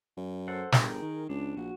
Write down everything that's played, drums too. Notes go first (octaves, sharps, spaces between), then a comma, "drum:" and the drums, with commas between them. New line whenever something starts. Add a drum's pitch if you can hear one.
F#2
A4 C5 F#5
G1 G#4 A#4 G5, drum: snare
D#3
C#2 D4
A#1 F#4